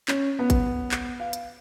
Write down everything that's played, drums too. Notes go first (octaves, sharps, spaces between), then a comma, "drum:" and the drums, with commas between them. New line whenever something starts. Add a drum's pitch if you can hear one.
C#4, drum: clap
B3
drum: kick, hi-hat
drum: clap
F5
drum: hi-hat